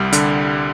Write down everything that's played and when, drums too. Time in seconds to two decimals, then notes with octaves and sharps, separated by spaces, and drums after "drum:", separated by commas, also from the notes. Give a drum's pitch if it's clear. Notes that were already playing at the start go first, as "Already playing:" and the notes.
Already playing: C2 G3
0.13 D3, drum: hi-hat